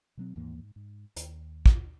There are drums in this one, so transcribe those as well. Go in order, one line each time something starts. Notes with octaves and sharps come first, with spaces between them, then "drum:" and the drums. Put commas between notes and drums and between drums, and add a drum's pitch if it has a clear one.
B2 F#3 C4
D#2 G#2 E3 A#3
G#2
G#2
D#2, drum: hi-hat
drum: kick